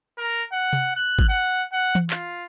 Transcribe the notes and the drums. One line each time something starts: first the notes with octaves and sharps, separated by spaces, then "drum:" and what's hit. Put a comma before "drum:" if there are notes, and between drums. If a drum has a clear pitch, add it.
A#4
F#5
drum: tom C3
F#6
drum: kick
F#5
F#5
drum: tom E3
F4, drum: clap